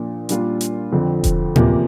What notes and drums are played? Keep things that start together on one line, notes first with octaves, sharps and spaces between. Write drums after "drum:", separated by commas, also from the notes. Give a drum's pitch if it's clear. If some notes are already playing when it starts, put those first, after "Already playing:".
Already playing: A#2 F3 A#3 D4
A#2 G3 D4 F4, drum: hi-hat
drum: hi-hat
F2 D3 F3 C4
drum: kick E1, hi-hat
E2 C3 F3 A#3, drum: tom A2